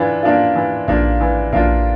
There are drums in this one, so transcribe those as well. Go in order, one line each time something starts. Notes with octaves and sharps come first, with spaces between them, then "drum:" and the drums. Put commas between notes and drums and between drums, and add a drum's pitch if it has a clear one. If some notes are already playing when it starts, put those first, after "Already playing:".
Already playing: E3 D4 F4
A#3 D4 F4
E3
A#3 D4 F4, drum: kick A#1
E3
A#3 D4 F4, drum: kick A#1